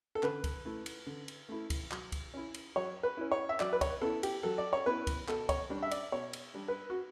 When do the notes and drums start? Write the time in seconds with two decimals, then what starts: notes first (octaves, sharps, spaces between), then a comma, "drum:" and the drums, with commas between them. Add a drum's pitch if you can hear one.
0.15 A4
0.23 D3 B4, drum: clap
0.44 drum: kick C#2, cymbal
0.65 A3 E4
0.86 drum: cymbal
1.06 D3
1.28 drum: cymbal
1.49 A3 E4
1.70 drum: kick C#2, cymbal
1.91 F#3, drum: clap
2.12 drum: kick C#2, cymbal
2.34 C#4 E4
2.54 drum: cymbal
2.76 F#3 C#5
3.03 B4
3.17 C#4 E4
3.32 C#5
3.49 E5
3.60 F#3 D5, drum: clap
3.73 B4
3.81 C#5, drum: kick C#2, cymbal
4.02 B3 E4 A4
4.23 G4, drum: cymbal
4.43 F#3 A4
4.58 D5
4.73 C#5
4.86 B3 E4 B4
5.07 drum: kick C#2, cymbal
5.28 B2 A4, drum: clap
5.49 C#5, drum: kick C#2, cymbal
5.70 G3 D4
5.83 E5
5.91 D5, drum: cymbal
6.12 B2 C#5
6.33 drum: cymbal
6.54 G3 D4
6.68 B4
6.90 F#4